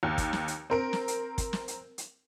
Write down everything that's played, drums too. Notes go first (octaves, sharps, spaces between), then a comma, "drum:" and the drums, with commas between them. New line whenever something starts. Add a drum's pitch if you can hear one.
D#2
drum: kick, hi-hat
drum: snare
drum: hi-hat
C4 A#4 D7
drum: snare
drum: hi-hat
drum: kick, hi-hat
drum: snare
drum: hi-hat
drum: hi-hat